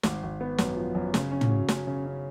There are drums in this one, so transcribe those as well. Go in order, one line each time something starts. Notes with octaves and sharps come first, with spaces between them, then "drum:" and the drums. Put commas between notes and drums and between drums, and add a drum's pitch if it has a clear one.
G#1, drum: snare
G#1
B3
F#2, drum: snare
F3
F#2
C#3, drum: snare
C#4
drum: tom
F#3
C#4, drum: snare
C#3
C#4